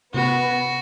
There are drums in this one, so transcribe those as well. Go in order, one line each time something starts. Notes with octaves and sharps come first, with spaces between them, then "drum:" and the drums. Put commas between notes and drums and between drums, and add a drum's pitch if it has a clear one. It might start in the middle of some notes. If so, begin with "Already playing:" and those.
B3 F#4, drum: tom C3